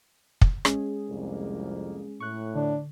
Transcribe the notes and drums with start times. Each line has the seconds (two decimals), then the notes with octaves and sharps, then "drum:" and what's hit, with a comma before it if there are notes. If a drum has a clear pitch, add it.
0.41 drum: kick
0.65 G#3 C#4 G#4, drum: rim click
1.09 C2 F2 A#3
2.20 A2 C#6 F#6
2.55 D3 D4